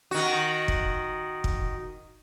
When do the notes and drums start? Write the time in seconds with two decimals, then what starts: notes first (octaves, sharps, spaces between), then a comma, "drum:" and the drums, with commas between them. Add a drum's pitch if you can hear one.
0.11 D#3 F#4
0.68 drum: kick
1.44 drum: kick